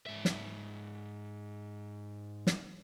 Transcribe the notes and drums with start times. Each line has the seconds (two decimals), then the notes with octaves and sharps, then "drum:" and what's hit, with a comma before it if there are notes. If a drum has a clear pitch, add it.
0.06 G#2 E5
0.25 drum: snare
2.47 drum: snare